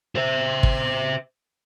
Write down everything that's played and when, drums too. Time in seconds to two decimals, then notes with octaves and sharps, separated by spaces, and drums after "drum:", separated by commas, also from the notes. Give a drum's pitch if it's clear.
0.16 C5 E5
0.63 drum: kick